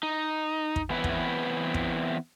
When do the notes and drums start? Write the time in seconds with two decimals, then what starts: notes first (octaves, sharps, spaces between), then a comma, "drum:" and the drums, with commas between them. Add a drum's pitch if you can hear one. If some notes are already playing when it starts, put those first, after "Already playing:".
0.03 D#4
0.76 drum: kick
0.90 E3 B3 C4 E4 B4 C#5
1.04 drum: kick
1.74 drum: kick